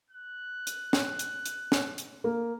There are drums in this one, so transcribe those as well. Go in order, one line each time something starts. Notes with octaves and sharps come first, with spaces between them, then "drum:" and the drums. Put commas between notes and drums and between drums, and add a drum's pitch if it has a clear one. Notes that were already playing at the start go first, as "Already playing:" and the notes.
F#6
drum: hi-hat
drum: snare
drum: hi-hat
drum: hi-hat
drum: snare
drum: hi-hat
A#3